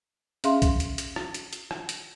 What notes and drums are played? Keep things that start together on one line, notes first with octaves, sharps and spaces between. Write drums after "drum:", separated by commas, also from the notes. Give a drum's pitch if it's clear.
C#4 G#4 E5 F5 C6, drum: hi-hat
drum: kick B1, hi-hat
drum: hi-hat
drum: hi-hat
drum: rim click
drum: hi-hat
drum: hi-hat
drum: rim click
drum: hi-hat